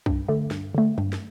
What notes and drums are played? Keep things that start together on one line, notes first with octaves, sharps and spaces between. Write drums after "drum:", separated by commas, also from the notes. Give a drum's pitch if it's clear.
G2, drum: kick B1
D3 A3
G2, drum: snare
D3 A3
G2, drum: tom F#3
drum: snare